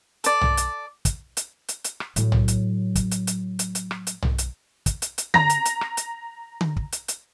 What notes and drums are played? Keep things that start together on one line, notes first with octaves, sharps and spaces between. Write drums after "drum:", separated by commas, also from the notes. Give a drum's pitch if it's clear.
A4 D5, drum: hi-hat
drum: tom
drum: hi-hat
drum: kick, hi-hat
drum: hi-hat
drum: hi-hat
drum: hi-hat
drum: rim click
A2 F#3, drum: hi-hat
drum: tom
drum: hi-hat
drum: kick, hi-hat
drum: hi-hat
drum: hi-hat
drum: hi-hat
drum: hi-hat
drum: rim click
drum: hi-hat
drum: tom
drum: hi-hat
drum: kick, hi-hat
drum: hi-hat
drum: hi-hat
A#5 A#6, drum: tom D3
drum: hi-hat
drum: hi-hat
drum: rim click
drum: hi-hat
drum: tom D3
drum: kick
drum: hi-hat
drum: hi-hat